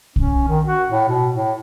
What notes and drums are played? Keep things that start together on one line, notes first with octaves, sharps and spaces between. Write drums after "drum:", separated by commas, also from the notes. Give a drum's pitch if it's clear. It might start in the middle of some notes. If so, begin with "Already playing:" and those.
C#4, drum: kick
D#3
F#4
A2
B2
A2